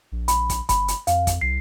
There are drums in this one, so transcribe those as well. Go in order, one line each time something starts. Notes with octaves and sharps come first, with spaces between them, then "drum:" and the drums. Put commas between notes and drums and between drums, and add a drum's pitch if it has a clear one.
A#1
B5, drum: hi-hat
drum: kick, hi-hat
G1 B5, drum: kick, hi-hat
drum: hi-hat
F2 F5, drum: hi-hat
drum: kick, hi-hat
C2 C7